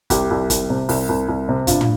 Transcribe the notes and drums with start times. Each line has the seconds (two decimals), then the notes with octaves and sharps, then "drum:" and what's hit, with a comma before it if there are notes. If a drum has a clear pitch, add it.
0.10 C2 G4, drum: kick, hi-hat
0.31 C2
0.50 C2, drum: kick, hi-hat
0.70 C3
0.89 C2, drum: open hi-hat
1.09 C2
1.29 C2
1.49 C3
1.67 G2 F4, drum: kick, hi-hat
1.81 drum: tom